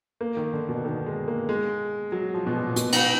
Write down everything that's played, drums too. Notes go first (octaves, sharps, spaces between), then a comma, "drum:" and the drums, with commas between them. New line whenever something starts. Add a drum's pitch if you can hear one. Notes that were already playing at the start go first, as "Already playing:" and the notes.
A#3
D#3
D3
B2
D#3
G#3
A#3
G#3
F#3
F3
B2
A#2
B2, drum: hi-hat
drum: cymbal